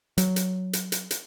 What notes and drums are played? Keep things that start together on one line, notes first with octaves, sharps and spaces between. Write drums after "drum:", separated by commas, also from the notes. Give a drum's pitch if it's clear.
F#3, drum: hi-hat
drum: hi-hat
drum: hi-hat
drum: hi-hat
drum: hi-hat